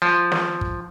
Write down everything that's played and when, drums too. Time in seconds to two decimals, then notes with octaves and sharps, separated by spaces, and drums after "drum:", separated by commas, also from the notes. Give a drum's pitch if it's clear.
0.02 F3
0.32 drum: snare
0.61 drum: kick